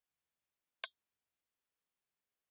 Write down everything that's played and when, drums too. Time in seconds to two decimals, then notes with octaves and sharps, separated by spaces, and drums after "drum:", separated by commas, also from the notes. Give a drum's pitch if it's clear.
0.10 D2
0.84 D2, drum: hi-hat
1.56 G#3 B3